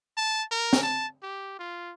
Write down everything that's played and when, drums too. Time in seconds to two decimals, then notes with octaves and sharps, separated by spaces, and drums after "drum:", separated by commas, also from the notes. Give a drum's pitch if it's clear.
0.17 A5
0.51 A#4
0.73 drum: snare
0.83 A5
1.23 G4
1.59 F4